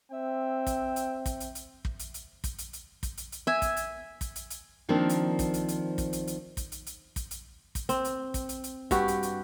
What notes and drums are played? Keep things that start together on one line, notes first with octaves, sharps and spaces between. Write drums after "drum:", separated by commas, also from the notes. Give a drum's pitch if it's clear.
C4 E5 G5
drum: kick, hi-hat
drum: hi-hat
drum: kick, hi-hat
drum: hi-hat
drum: hi-hat
drum: kick
drum: hi-hat
drum: hi-hat
drum: kick, hi-hat
drum: hi-hat
drum: hi-hat
drum: kick, hi-hat
drum: hi-hat
drum: hi-hat
E5 G#5
drum: kick, hi-hat
drum: hi-hat
drum: kick, hi-hat
drum: hi-hat
drum: hi-hat
D#3 F3 A#3 C4 D4
drum: hi-hat
drum: kick, hi-hat
drum: hi-hat
drum: hi-hat
drum: kick, hi-hat
drum: hi-hat
drum: hi-hat
drum: kick, hi-hat
drum: hi-hat
drum: hi-hat
drum: kick, hi-hat
drum: hi-hat
drum: kick, hi-hat
C4, drum: hi-hat
drum: hi-hat
drum: kick, hi-hat
drum: hi-hat
drum: hi-hat
G2 F#4 G4, drum: kick, hi-hat
drum: hi-hat
drum: hi-hat